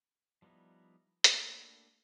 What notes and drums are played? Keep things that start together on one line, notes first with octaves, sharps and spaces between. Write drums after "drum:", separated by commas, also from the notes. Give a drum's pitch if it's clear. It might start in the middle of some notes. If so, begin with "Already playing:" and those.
F3 G3 B3 D#4 E4
A3 A#3 D4 G4 B4, drum: hi-hat